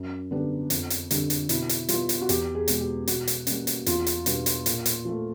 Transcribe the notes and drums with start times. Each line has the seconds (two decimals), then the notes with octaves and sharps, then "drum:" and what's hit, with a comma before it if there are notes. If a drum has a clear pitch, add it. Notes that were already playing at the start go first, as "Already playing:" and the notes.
Already playing: F#2
0.31 D3 G3 B3 D4
0.70 F2, drum: hi-hat
0.90 drum: hi-hat
1.11 D3 G3 C4, drum: hi-hat
1.30 drum: hi-hat
1.49 B2 E4, drum: hi-hat
1.69 drum: hi-hat
1.89 G3 B3 F4, drum: hi-hat
2.09 drum: hi-hat
2.22 F#4
2.29 E2 G4, drum: hi-hat
2.55 G#4
2.68 B2 G#3, drum: hi-hat
2.81 G4
3.08 B2 F#4, drum: hi-hat
3.27 drum: hi-hat
3.47 G3 A#3 C#4, drum: hi-hat
3.67 drum: hi-hat
3.86 E2 F4, drum: hi-hat
4.06 drum: hi-hat
4.26 B2 G3 B3 D4, drum: hi-hat
4.46 drum: hi-hat
4.66 A#2, drum: hi-hat
4.86 drum: hi-hat
5.05 F3 A3